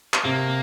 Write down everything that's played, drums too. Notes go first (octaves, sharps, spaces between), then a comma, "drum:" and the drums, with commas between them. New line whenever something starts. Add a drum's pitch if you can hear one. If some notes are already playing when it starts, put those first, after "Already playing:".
drum: clap
C3 A#3